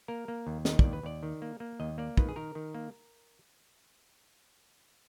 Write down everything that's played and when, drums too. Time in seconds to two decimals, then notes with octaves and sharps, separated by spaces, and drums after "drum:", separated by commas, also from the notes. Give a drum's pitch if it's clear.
0.08 A#3 A#4
0.28 A#3
0.47 D#2
0.65 D#3 D#5, drum: snare
0.79 D#2 D5, drum: kick
0.93 B4
1.03 D#2 D5
1.23 D#3
1.42 A#3
1.60 A#3
1.80 D#2 D#5
1.98 A#3 D5
2.17 D#3 B4, drum: kick
2.29 G#4
2.36 D#3 A#4
2.55 D#3
2.75 A#3